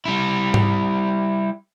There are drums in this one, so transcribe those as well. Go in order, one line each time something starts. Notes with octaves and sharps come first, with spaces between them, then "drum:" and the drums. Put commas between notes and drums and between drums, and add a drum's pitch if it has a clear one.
G3 E4
drum: tom G#2